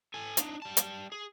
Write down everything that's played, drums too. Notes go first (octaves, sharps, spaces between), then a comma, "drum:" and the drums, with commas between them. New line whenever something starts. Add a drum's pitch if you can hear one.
A4 G#5
D4 D#4, drum: hi-hat
G3 A5
drum: hi-hat
G#4